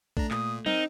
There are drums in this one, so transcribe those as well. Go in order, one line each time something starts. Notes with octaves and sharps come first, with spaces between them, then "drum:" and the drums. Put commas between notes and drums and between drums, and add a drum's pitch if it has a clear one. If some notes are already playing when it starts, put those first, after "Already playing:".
A3 D4 A#5, drum: kick A#1
A#2 D#6, drum: clap
C4 D#4 A#4, drum: tom F#3